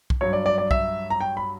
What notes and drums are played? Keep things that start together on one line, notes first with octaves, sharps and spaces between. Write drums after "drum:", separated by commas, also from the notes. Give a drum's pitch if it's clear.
drum: kick B1
G2 F#3 C#5
D5
D5
D5
E5, drum: kick B1
A#5
G5
B5